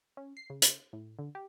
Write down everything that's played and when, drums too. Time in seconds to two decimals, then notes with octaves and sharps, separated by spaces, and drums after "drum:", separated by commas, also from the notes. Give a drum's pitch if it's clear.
0.17 C#4
0.37 C7
0.50 C#3
0.62 drum: hi-hat
0.93 A2
1.19 D3
1.35 G4